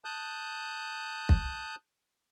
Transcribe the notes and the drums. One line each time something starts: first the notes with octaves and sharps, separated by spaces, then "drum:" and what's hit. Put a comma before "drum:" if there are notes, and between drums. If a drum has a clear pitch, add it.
A5 D#6 F#6 G6
drum: kick